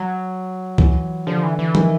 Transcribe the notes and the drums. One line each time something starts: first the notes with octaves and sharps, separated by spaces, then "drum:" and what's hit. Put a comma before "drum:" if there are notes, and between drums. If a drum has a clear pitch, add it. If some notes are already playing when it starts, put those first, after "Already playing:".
Already playing: F#3
E3, drum: kick C#2
D3 F3
E3
E3
D#3, drum: tom F3